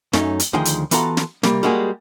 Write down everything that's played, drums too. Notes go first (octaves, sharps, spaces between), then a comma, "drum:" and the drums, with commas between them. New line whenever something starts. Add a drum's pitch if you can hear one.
F#2 A3 C#4 D#4, drum: snare
drum: hi-hat
D2 D#3 F3 G#4 G5
drum: hi-hat
E3 B3 F4 F#4 A4 A#5, drum: hi-hat
drum: snare
C3 G3 A#3, drum: snare
G3 G#3 A#3 F#4 G#4